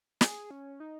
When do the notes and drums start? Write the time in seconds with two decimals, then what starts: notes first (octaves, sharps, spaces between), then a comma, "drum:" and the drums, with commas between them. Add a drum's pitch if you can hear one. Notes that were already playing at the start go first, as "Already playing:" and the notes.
0.21 G#4, drum: snare
0.51 C#4
0.80 D#4